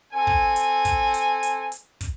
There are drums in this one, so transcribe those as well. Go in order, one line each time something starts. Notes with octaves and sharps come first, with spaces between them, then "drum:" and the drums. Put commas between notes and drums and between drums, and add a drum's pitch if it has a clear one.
C4 A4 G#5
drum: kick
drum: hi-hat
drum: kick, hi-hat
drum: hi-hat
drum: hi-hat
drum: hi-hat
drum: kick, hi-hat